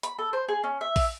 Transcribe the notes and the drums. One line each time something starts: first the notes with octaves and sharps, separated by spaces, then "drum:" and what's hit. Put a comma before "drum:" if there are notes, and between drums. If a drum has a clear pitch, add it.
B5, drum: hi-hat
A4
C5
G#4
C#4
E5
drum: kick A#1, open hi-hat